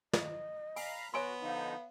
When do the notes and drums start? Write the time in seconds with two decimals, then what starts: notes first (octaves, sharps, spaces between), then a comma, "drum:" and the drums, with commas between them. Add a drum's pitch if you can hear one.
0.13 D#5, drum: snare
0.76 F5 G#5 A#5 B5, drum: open hi-hat
1.14 B3 F#4 C#5 G#5 C6
1.42 D3 F3 D#4 F5